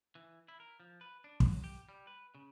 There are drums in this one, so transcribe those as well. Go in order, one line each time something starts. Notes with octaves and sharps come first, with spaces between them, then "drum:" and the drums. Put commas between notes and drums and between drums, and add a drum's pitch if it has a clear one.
E3
E4
A#4
F3
B4
D4
F#3, drum: kick
G4
G3
B4
C#3